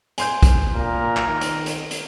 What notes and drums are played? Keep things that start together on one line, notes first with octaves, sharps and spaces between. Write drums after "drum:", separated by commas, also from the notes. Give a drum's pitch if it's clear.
G#5 C6 G6, drum: hi-hat
drum: kick, hi-hat
A#2 A#4
drum: clap
D#3
drum: hi-hat
drum: hi-hat
drum: hi-hat